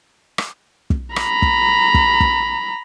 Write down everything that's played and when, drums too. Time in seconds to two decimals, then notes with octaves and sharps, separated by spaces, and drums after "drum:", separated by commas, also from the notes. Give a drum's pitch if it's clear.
0.38 drum: rim click
0.90 drum: kick
1.16 A#5 B5, drum: rim click
1.42 drum: kick
1.94 drum: kick
2.20 drum: kick